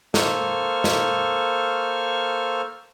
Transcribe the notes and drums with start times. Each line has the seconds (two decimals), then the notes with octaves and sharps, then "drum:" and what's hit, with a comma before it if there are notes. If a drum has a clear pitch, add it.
0.14 A#3 A4 C5 C#6 F6, drum: snare
0.84 drum: snare